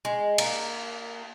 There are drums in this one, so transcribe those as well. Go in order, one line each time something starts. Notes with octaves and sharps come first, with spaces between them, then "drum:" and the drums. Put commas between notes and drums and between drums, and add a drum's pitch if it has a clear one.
G#3
A#3, drum: cymbal